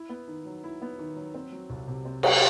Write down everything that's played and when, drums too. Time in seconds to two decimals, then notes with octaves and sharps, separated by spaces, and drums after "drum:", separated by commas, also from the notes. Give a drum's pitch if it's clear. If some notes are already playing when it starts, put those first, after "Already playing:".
Already playing: E4
0.09 B3
0.28 D#3
0.46 F#3
0.64 E4
0.82 B3
0.99 D#3
1.16 F#3
1.34 C4
1.52 F#3
1.70 C2
1.88 C3
2.05 C4
2.23 F#3, drum: cymbal